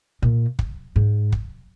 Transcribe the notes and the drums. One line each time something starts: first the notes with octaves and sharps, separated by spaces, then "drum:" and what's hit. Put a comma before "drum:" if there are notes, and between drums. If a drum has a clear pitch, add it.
A#2
drum: kick
G#2
drum: kick